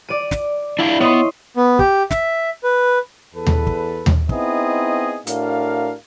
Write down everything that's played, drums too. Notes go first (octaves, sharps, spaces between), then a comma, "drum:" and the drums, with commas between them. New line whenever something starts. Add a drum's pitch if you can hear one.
D5 D#7
drum: snare
D4 E4 E5 F5
B3 C#5 D#5 C6
B3
G4, drum: kick
E5, drum: snare
B4
E2 A4 B4
drum: tom D#2
drum: kick
drum: tom D#2
B3 C4 D#4 E4 G#4 D#5, drum: kick
A2 D4 F#4 A#4 F5, drum: hi-hat